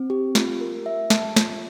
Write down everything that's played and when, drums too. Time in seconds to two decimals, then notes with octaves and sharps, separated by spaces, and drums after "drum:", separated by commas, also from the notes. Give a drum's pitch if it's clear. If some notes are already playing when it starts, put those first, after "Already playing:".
Already playing: C4
0.10 G4
0.35 F4, drum: snare
0.61 A#4
0.86 E5
1.10 A5, drum: snare
1.36 F4, drum: snare